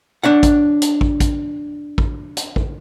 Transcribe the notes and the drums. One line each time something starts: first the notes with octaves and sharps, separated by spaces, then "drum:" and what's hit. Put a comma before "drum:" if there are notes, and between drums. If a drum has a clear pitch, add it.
D4 C#5 F#5
drum: kick, hi-hat
drum: hi-hat
drum: kick
drum: kick, hi-hat
drum: kick
drum: hi-hat
drum: kick